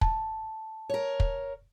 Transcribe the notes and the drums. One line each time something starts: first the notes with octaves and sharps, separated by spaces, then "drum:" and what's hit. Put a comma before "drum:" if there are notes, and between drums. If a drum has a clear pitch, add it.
A5, drum: kick
A#4 C#5
drum: kick